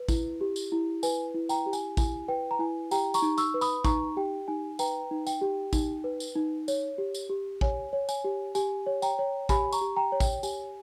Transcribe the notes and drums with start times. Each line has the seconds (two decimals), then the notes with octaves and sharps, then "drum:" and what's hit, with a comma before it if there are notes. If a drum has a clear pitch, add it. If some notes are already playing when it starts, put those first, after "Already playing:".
Already playing: B4
0.09 E4, drum: kick A1, tambourine
0.41 G4
0.56 drum: tambourine
0.72 E4
1.03 B4 G#5, drum: tambourine
1.35 E4
1.49 G5 A#5, drum: tambourine
1.66 G4
1.73 G#5, drum: tambourine
1.97 E4 G#5, drum: kick A1, tambourine
2.28 B4 G5
2.51 A#5
2.59 E4 G#5
2.91 G4 G5 A#5, drum: tambourine
3.14 A#5 C#6, drum: tambourine
3.22 D#4
3.38 C#6 E6, drum: tambourine
3.54 B4
3.61 B5 D#6, drum: tambourine
3.85 D#4 A#5 C#6, drum: kick A1, tambourine
4.17 G4 G5
4.48 D#4 G#5
4.79 B4 G5 A#5, drum: tambourine
5.11 D#4
5.27 G5, drum: tambourine
5.41 G4
5.73 D#4, drum: kick A1, tambourine
6.04 B4
6.20 drum: tambourine
6.35 D#4
6.68 C#5, drum: tambourine
6.98 G4
7.14 drum: tambourine
7.29 G4
7.61 C#5 G#5, drum: kick A1
7.93 C#5
8.09 G#5, drum: tambourine
8.24 G4
8.55 G4 G#5, drum: tambourine
8.86 C#5
9.02 G5 A#5, drum: tambourine
9.19 C#5
9.49 G4 G#5 B5, drum: kick A1, tambourine
9.73 A#5 C#6, drum: tambourine
9.81 G4
9.97 G5 A#5
10.12 C#5
10.20 G5, drum: kick A1, tambourine
10.43 G4 G#5, drum: tambourine